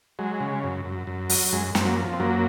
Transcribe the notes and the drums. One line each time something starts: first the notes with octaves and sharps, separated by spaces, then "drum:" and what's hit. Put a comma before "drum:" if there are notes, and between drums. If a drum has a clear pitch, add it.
F#3 G#3
C#3
F#2
F#2
F#2
F#3, drum: open hi-hat
F#2 G#3
F#2, drum: snare
C4
F#3 A#3
F3
C4
F#2 F#3 A#3